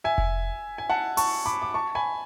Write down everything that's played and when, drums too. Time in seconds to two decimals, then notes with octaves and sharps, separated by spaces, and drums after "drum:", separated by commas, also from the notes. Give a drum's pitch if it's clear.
0.04 E5 G#5
0.18 drum: kick F1
0.78 G#5
0.90 F#5 A5
1.17 A5 C#6, drum: open hi-hat
1.46 B5 D6
1.62 D6
1.74 A5 C#6
1.95 G#5 B5